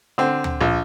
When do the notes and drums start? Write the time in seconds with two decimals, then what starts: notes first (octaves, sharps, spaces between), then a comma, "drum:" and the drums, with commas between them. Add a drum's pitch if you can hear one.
0.18 D3 C4
0.44 drum: tom D2
0.61 A#1